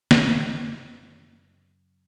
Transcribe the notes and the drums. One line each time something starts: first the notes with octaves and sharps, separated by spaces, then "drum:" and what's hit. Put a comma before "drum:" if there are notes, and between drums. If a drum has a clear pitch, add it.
F#2 C#3, drum: snare